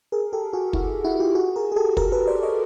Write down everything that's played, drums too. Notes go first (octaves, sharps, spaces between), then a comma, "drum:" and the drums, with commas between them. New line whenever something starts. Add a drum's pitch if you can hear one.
G#4 A#4
G4 A4
F#4 G#4
E4 F#4, drum: kick
E4 F#4
F4 G4
F#4 G#4
G#4 A#4
G#4
G4 A4
G#4 A#4, drum: kick
A4 B4
C5 D5
C#5 D#5